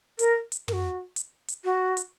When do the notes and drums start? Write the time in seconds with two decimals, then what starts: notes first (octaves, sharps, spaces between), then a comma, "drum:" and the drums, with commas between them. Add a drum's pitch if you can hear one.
0.19 A#4, drum: hi-hat
0.52 drum: hi-hat
0.68 A#4, drum: tom
0.73 F#4
1.16 drum: hi-hat
1.48 drum: hi-hat
1.64 F#4
1.97 drum: hi-hat